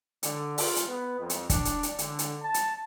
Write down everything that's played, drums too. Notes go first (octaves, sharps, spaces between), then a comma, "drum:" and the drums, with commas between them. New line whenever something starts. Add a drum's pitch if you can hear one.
D3, drum: hi-hat
F4, drum: open hi-hat
drum: hi-hat
B3
F2
drum: hi-hat
D4, drum: kick, hi-hat
drum: hi-hat
drum: hi-hat
D3, drum: hi-hat
drum: hi-hat
A5
drum: hi-hat